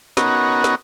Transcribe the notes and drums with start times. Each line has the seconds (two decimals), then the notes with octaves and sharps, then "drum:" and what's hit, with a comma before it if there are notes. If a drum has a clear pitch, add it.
0.17 B3 C#4 D#4 F#4 A#4, drum: snare
0.64 drum: snare